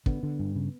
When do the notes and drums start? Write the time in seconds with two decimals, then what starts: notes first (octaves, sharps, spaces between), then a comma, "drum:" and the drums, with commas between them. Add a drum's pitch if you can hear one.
0.06 D3 B3, drum: kick
0.23 D3
0.39 G2
0.56 C#3